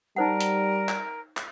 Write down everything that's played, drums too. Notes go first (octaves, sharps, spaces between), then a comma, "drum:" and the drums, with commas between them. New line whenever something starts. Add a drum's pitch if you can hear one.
G3 D#4 A#4 C5 F#5
drum: hi-hat
drum: clap
drum: clap